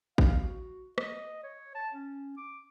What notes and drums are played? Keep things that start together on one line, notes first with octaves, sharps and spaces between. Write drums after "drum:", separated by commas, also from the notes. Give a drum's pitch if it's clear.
F5, drum: kick
F#4
D#5, drum: rim click
C#5
A5
C#4
D6